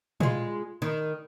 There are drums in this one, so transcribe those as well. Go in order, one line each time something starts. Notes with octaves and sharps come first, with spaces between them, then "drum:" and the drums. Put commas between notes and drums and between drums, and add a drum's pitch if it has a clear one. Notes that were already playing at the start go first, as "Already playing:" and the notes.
G#3 F4, drum: tom A#2
D#3